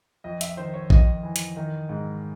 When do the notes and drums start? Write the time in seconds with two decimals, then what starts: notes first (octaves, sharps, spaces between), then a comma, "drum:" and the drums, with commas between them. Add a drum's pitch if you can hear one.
0.24 F2 D#5
0.41 E5, drum: hi-hat
0.57 D#3 C5
0.74 C#5
0.90 F2 D#5, drum: kick A1
1.23 E3
1.36 drum: hi-hat
1.57 D#3
1.89 G#2